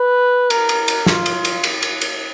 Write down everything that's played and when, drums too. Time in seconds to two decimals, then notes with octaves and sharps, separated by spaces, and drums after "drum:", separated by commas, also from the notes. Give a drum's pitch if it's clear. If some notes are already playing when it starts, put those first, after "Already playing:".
Already playing: B4
0.50 A#4, drum: cymbal
0.69 drum: cymbal
0.88 drum: cymbal
1.06 F4, drum: snare
1.26 drum: cymbal
1.45 drum: cymbal
1.64 drum: cymbal
1.82 drum: cymbal
2.01 drum: cymbal